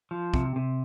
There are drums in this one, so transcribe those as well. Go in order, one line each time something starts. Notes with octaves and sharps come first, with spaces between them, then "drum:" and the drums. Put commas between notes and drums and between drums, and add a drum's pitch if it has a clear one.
F3
C3, drum: kick
C3